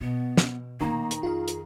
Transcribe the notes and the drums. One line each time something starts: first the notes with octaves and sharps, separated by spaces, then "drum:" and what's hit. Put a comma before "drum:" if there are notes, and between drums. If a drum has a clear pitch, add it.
B2 B3
drum: snare
D2 A#2 D#3 A#3 A#5
drum: hi-hat
F2 F4 G#4 F5
drum: hi-hat